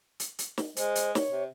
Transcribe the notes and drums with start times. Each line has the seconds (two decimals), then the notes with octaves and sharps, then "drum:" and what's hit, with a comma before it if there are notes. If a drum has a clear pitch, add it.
0.20 drum: hi-hat
0.39 drum: hi-hat
0.58 drum: snare
0.76 G#3 C5, drum: hi-hat
0.95 drum: hi-hat
1.15 C#5, drum: snare
1.30 C3